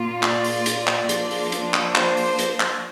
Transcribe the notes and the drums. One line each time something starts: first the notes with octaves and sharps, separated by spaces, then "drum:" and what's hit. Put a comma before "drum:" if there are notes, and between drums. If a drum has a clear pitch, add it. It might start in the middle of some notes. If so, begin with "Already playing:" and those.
Already playing: A#2 A#3 F4
D5, drum: clap
drum: open hi-hat
D5, drum: hi-hat
drum: clap
F3 A#3 D4 F4, drum: hi-hat
drum: open hi-hat
drum: hi-hat
drum: clap
C5, drum: clap
drum: open hi-hat
drum: hi-hat
drum: clap